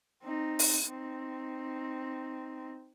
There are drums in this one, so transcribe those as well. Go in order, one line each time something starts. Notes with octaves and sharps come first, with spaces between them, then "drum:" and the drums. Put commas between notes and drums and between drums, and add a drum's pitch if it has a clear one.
C4 D#4
drum: open hi-hat
C4 D#4